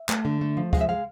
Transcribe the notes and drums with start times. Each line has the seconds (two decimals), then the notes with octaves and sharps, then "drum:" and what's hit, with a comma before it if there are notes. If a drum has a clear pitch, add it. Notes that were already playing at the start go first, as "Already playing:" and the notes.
Already playing: E5
0.09 A3, drum: clap
0.25 D3
0.41 A3
0.57 F3
0.73 G#3 F5, drum: kick
0.81 E5
0.89 G#3 F5